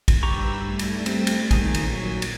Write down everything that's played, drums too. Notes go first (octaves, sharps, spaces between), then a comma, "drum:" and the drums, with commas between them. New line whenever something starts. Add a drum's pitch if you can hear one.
drum: kick, cymbal
G2 G4 A#5 B5 C#6 E6
G3 A3
drum: cymbal
C4, drum: cymbal
drum: cymbal
A#2 D#3 D#4 G#4, drum: kick, cymbal
drum: cymbal
F#3
drum: cymbal